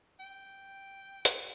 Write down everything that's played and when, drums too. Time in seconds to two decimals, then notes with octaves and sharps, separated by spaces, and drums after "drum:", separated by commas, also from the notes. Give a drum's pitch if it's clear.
0.20 G5
1.25 drum: hi-hat